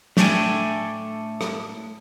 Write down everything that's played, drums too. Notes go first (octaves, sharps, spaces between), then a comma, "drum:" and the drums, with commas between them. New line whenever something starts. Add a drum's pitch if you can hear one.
A2 A3 D4 A4 G5 G#5, drum: snare
drum: rim click